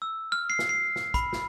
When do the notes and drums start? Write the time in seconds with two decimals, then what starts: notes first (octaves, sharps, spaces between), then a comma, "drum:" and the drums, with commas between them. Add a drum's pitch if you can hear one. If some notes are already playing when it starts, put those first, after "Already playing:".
0.02 E6
0.32 F6
0.50 C7
0.59 drum: snare
0.69 C7
0.96 drum: snare
1.14 B5, drum: kick, hi-hat
1.33 drum: snare